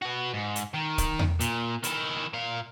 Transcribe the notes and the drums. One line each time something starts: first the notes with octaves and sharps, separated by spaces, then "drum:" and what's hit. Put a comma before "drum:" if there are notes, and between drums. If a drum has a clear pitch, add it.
F#4 B4
G#2
drum: hi-hat
D#3
drum: kick C#1, hi-hat
drum: tom E2
A#2, drum: hi-hat
D#3 E4, drum: hi-hat
A#2 F5